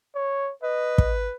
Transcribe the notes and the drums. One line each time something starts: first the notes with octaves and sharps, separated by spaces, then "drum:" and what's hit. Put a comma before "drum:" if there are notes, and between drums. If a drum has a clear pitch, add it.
C#5
B4 D#5
drum: kick